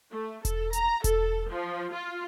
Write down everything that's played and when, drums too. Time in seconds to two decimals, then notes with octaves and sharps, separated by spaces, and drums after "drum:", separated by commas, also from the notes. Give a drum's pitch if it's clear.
0.11 A3
0.45 A4, drum: kick E1, hi-hat
0.73 A#5, drum: hi-hat
1.04 A4, drum: kick E1, hi-hat
1.51 F3
1.93 F4